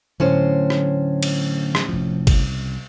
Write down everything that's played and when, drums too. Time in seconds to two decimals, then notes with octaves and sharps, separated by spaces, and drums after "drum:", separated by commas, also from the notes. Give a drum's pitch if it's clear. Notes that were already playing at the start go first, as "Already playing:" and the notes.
0.20 A2 D3 F#3 A3 C#4 C5
0.70 drum: rim click
1.23 drum: cymbal
1.75 drum: rim click
1.89 F1 F3
2.27 C2 C#3, drum: kick, cymbal